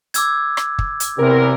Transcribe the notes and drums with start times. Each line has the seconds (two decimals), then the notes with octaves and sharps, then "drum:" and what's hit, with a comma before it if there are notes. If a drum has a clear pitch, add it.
0.14 D6 E6 G#6, drum: hi-hat
0.57 drum: rim click
0.79 drum: kick
1.00 drum: hi-hat
1.18 E2 C3 A#4